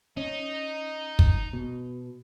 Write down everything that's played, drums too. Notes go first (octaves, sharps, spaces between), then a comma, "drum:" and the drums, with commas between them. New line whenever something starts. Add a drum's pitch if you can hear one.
C#4 D#4
drum: kick
B2